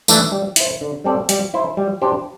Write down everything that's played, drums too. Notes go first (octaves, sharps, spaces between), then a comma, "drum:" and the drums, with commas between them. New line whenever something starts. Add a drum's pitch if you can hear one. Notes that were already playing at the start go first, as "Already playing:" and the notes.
E3 A3 D4, drum: tambourine
G3
E4 C5, drum: hi-hat
D3
G3 C4 A4 D5
G3, drum: hi-hat
E4 C5
G3
D4 G4 C5